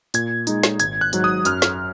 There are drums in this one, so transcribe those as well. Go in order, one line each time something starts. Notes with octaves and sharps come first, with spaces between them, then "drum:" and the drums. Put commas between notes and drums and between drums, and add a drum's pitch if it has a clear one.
A#2 G#6, drum: hi-hat
G#3 D#4, drum: hi-hat
drum: snare
G#1 G#6, drum: hi-hat
F#6
G#2 F#3, drum: hi-hat
D#6
F#2 F6, drum: hi-hat
drum: snare